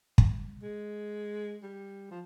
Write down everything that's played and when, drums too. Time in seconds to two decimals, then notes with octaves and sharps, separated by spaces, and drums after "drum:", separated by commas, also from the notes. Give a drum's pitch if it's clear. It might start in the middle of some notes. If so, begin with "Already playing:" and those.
0.18 drum: kick
0.62 G#3
1.63 G3
2.11 F3